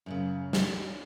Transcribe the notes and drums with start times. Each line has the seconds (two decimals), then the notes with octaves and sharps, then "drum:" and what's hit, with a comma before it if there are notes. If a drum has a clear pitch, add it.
0.06 F#2 A2 C#3
0.53 drum: snare